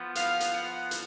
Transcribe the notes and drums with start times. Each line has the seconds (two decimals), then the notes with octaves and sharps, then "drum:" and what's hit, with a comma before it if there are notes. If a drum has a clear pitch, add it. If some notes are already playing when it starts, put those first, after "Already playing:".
Already playing: F3 B3
0.15 F5, drum: hi-hat
0.40 drum: hi-hat
0.53 F#5
0.91 drum: hi-hat